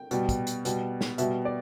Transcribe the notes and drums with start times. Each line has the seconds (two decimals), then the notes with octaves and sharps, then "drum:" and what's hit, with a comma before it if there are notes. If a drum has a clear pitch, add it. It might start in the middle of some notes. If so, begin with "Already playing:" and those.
Already playing: G5
0.11 B2 G3, drum: hi-hat
0.29 drum: kick, hi-hat
0.47 drum: hi-hat
0.65 B2 G3, drum: hi-hat
1.01 drum: snare
1.18 B2 G3 E5, drum: hi-hat
1.45 D5